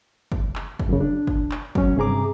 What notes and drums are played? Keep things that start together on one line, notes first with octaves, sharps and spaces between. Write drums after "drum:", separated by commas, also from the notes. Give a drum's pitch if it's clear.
drum: kick
drum: clap
drum: kick
F#2 C#3
D4
drum: kick
drum: clap
F#3 C#4, drum: kick
G2 C3 G#4 A#5 D6